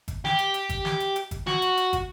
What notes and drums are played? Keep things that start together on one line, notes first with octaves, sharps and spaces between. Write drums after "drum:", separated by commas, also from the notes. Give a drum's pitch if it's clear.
drum: kick, hi-hat
G4, drum: snare
drum: hi-hat
drum: hi-hat
drum: kick, hi-hat
drum: snare
drum: hi-hat
drum: hi-hat
drum: kick, hi-hat
F#4, drum: snare
drum: hi-hat
drum: hi-hat
drum: kick, hi-hat